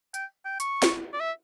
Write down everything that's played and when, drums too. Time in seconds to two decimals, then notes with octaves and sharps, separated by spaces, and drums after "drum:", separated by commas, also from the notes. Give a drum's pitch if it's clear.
0.14 G5, drum: hi-hat
0.45 G5
0.60 C#6, drum: hi-hat
0.82 drum: snare
1.13 D5
1.20 E5